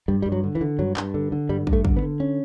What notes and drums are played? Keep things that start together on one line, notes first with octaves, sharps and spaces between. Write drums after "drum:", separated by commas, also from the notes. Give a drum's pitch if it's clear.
G2 G3
G2 G3
F#3
D3
E3
D3
G2 F#3
G2, drum: clap
D3
D3
G2 G3
G2, drum: kick
A3
D3, drum: kick
B3
D3
C#4